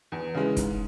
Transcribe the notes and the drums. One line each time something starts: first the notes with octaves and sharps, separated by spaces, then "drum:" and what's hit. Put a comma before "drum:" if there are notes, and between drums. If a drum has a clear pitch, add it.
E2
C#3 E3 G#3
G#2, drum: kick, hi-hat